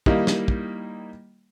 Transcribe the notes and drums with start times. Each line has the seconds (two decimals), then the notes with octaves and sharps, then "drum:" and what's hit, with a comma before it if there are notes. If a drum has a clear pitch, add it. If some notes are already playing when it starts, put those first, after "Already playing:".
0.06 D#3 G3 A#3 D#4 E4, drum: kick
0.27 drum: snare
0.48 drum: kick